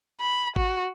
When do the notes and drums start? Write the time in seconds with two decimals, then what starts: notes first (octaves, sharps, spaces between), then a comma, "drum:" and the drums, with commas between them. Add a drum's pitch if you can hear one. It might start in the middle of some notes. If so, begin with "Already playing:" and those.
0.20 B5
0.56 F#4, drum: kick G#1